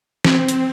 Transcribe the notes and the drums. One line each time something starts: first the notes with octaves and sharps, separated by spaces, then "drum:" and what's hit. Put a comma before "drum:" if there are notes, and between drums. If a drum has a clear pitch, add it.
C4, drum: snare
drum: hi-hat